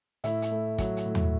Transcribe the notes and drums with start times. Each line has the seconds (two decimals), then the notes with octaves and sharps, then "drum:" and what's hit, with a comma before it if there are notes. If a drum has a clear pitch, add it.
0.24 A2 E4, drum: hi-hat
0.42 drum: hi-hat
0.51 A3
0.78 F#3, drum: kick, hi-hat
0.97 drum: hi-hat
1.06 A2
1.15 drum: tom